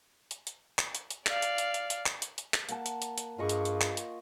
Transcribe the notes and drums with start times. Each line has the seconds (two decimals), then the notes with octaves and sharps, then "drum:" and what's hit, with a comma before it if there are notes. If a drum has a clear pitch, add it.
0.31 drum: hi-hat
0.47 drum: hi-hat
0.79 drum: clap
0.95 drum: hi-hat
1.10 drum: hi-hat
1.26 D5 F5, drum: clap
1.42 drum: hi-hat
1.58 drum: hi-hat
1.74 drum: hi-hat
1.90 drum: hi-hat
2.06 drum: clap
2.22 drum: hi-hat
2.38 drum: hi-hat
2.54 drum: clap
2.69 A#3 F#5 A5, drum: hi-hat
2.86 drum: hi-hat
3.02 drum: hi-hat
3.18 drum: hi-hat
3.38 G2 F4 G#4 D#5 C#6
3.49 drum: hi-hat
3.65 drum: hi-hat
3.81 drum: clap
3.97 drum: hi-hat